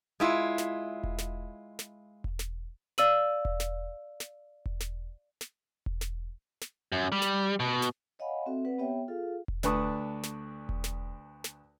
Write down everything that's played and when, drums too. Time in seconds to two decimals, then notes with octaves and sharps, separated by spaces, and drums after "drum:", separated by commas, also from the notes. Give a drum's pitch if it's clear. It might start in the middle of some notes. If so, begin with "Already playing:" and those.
0.20 G#3 E4 F4
0.58 drum: snare
1.04 drum: kick E1
1.19 drum: snare
1.79 drum: snare
2.24 drum: kick E1
2.39 drum: snare
2.98 D5 F5 E6 D#7 F#7, drum: snare
3.45 drum: kick E1
3.60 drum: snare
4.20 drum: snare
4.66 drum: kick E1
4.81 drum: snare
5.41 drum: snare
5.86 drum: kick E1
6.01 drum: snare
6.62 drum: snare
6.92 F#2
7.12 G3
7.22 drum: snare
7.60 B2
7.82 drum: snare
8.19 C#5 D#5 F5 F#5 G#5 B5
8.46 C4 F#4 A4 E5
8.65 C4 B4 D5 F#5
8.78 B3 G4 C#5 E5 G5
9.08 F4 G#4 A4 F5
9.48 drum: kick E1
9.63 D2 D4 B4 A5 C#6 D#6, drum: snare
10.24 drum: snare
10.69 drum: kick E1
10.84 drum: snare
11.44 drum: snare